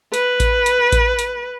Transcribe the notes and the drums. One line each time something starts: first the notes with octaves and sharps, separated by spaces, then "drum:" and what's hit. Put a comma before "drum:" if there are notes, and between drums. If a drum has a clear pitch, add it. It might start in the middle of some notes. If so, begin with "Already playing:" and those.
B4, drum: hi-hat
drum: kick A1, hi-hat
drum: hi-hat
drum: kick A1, hi-hat
drum: hi-hat